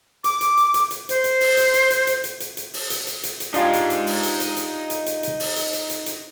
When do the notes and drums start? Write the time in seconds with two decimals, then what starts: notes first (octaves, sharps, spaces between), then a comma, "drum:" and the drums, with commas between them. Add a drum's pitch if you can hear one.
0.24 D6, drum: hi-hat
0.41 drum: hi-hat
0.57 drum: hi-hat
0.74 drum: hi-hat
0.91 drum: hi-hat
1.09 C5, drum: hi-hat
1.24 drum: hi-hat
1.41 drum: open hi-hat
1.57 drum: hi-hat
1.74 drum: hi-hat
1.90 drum: hi-hat
2.07 drum: hi-hat
2.24 drum: hi-hat
2.40 drum: hi-hat
2.57 drum: hi-hat
2.74 drum: open hi-hat
2.90 drum: hi-hat
3.07 drum: hi-hat
3.23 drum: hi-hat
3.40 drum: hi-hat
3.54 D4 D#4 F4 G4 G#5, drum: hi-hat
3.73 drum: hi-hat
3.90 drum: hi-hat
4.07 drum: open hi-hat
4.23 drum: hi-hat
4.40 drum: hi-hat
4.57 drum: hi-hat
4.90 drum: hi-hat
5.06 drum: hi-hat
5.23 drum: hi-hat
5.40 drum: open hi-hat
5.56 drum: hi-hat
5.73 drum: hi-hat
5.90 drum: hi-hat
6.06 drum: hi-hat